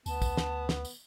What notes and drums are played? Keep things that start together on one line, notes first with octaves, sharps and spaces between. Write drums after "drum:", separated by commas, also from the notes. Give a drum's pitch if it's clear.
D2 B3 A5, drum: tambourine
drum: kick, tambourine
drum: snare
drum: snare
drum: tambourine